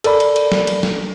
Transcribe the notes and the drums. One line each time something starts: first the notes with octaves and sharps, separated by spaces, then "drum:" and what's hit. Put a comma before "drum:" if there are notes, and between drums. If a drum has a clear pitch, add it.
A4 A#4 D5 B5, drum: cymbal
drum: cymbal
drum: cymbal
drum: snare
drum: cymbal
drum: snare